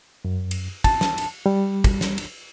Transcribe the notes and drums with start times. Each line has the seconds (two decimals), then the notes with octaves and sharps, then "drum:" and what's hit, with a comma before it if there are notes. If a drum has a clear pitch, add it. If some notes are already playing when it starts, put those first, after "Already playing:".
0.25 F#2
0.51 drum: cymbal
0.84 A5, drum: kick, cymbal
1.01 drum: snare
1.18 drum: cymbal
1.46 G3
1.84 drum: kick, cymbal
2.01 drum: snare
2.18 drum: cymbal